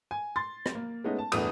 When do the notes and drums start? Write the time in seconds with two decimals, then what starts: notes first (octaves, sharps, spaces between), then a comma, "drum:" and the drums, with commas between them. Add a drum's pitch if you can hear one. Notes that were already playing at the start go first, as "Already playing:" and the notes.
0.11 G#5
0.36 C6 A6
0.66 drum: rim click
0.75 A#3
1.04 G#3 A3 B3 C#4 D#4
1.18 A5
1.32 G1 E2 A3 D#6, drum: cymbal